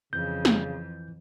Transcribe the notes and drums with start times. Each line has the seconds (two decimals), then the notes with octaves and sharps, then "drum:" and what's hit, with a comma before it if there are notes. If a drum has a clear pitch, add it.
0.13 F2 C#3 E3 G6
0.45 drum: snare